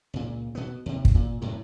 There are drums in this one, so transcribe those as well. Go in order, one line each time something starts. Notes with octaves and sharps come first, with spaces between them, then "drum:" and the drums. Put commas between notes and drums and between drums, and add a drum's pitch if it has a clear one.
C#2 A#2
B2 B3
D#2 C3
drum: kick
A#2
F#2 A2 C3